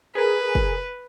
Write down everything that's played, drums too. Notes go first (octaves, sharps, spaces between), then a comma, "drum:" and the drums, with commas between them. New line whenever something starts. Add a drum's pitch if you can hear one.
G#4 A#4 B4
drum: kick